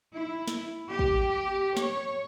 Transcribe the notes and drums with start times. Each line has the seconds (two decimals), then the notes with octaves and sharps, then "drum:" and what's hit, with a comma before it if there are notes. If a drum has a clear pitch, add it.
0.15 E4
0.48 drum: snare
0.89 G4
0.99 drum: kick
1.77 C#5, drum: snare